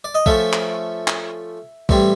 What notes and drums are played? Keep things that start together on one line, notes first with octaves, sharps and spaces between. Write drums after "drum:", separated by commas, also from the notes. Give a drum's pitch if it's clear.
D5
D#5
F3 A3 C#4 E5, drum: kick B1
drum: clap
drum: clap
A2 E3 G3 C4, drum: kick B1